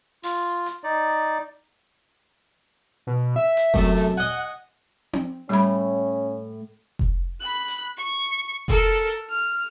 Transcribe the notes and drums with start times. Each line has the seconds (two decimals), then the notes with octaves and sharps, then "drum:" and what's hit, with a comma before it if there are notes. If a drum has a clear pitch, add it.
0.23 F4, drum: open hi-hat
0.66 drum: hi-hat
0.84 D#4 D5
3.07 B2
3.36 E5
3.57 drum: hi-hat
3.74 F#2 C3 A3 A5, drum: kick F1
3.98 drum: hi-hat
4.17 D#5 F#5 G#5
5.13 drum: tom C4
5.49 A2 G3 C#4 B5
6.99 drum: kick F1
7.41 B5 F#6
7.68 drum: hi-hat
7.97 C#6
8.68 A4 A#4, drum: kick F1
9.30 F6